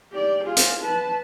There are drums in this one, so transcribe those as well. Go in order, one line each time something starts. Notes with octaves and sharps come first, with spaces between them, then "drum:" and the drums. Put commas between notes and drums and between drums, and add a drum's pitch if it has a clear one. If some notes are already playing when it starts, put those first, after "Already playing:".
G4 D5
F4 G#4
drum: hi-hat
B4 A5